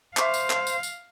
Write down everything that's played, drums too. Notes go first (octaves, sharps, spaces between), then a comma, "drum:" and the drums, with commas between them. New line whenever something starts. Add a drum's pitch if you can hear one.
C5 E5 F5 C#6 D6, drum: clap
drum: tambourine
drum: clap
drum: tambourine
drum: tambourine